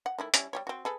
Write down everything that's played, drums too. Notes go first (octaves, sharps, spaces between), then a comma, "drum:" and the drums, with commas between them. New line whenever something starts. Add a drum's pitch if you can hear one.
F#5
D#3 A3 E4
G3 C#4 E4, drum: hi-hat
G3 G4 C#5
C4 F#4
G#4 A4 B4